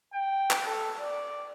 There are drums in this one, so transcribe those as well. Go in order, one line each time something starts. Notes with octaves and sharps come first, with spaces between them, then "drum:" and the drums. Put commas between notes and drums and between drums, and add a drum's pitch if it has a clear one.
G5
drum: clap
A4
D5